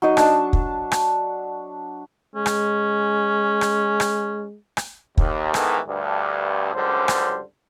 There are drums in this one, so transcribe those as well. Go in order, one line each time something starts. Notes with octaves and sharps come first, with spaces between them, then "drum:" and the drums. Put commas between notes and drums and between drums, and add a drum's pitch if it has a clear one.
F#3 D#4 D#5
D4 A5, drum: rim click
drum: kick
drum: rim click
G#3 C#4
drum: rim click
drum: rim click
drum: rim click
drum: rim click
D#2, drum: kick
G#2 D#3 E3 B3 A4, drum: rim click
D2 G2
C#2 F#2 D3 G3 C5
drum: rim click